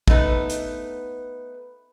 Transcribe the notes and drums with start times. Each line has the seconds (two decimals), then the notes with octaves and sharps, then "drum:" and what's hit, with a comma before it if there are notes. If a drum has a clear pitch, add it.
0.08 A3 B3 D#4 B4, drum: kick
0.50 drum: hi-hat